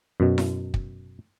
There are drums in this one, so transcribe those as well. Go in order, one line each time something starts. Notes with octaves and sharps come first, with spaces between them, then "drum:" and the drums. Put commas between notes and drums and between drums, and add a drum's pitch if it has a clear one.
F#2 B2
drum: snare E4
drum: kick